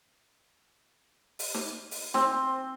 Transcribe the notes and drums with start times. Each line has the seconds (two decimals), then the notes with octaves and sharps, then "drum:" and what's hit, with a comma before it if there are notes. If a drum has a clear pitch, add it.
1.39 drum: open hi-hat
1.54 drum: snare
1.91 drum: open hi-hat
2.14 C4, drum: snare